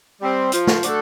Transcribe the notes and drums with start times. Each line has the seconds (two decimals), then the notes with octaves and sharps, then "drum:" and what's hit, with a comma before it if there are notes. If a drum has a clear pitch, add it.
0.21 G3 C4
0.52 F3, drum: hi-hat
0.67 drum: snare
0.83 A3 D4 F#4 A4, drum: hi-hat